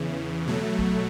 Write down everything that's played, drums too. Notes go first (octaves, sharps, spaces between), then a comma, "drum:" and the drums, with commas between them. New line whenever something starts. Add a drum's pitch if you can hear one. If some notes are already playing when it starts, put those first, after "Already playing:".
Already playing: E2 C#3 E3
B2 F#3 A3
drum: kick A1